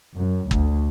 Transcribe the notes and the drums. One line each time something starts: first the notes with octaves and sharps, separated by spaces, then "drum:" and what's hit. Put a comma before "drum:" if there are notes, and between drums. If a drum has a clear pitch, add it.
F#2
D2, drum: kick